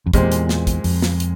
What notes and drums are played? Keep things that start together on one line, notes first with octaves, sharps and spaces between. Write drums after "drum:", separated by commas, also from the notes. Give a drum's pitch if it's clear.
F2
E2 A#2 G#3 C4 G4 C5, drum: kick, hi-hat
drum: hi-hat
drum: snare
drum: kick, hi-hat
F2, drum: open hi-hat
drum: snare
drum: hi-hat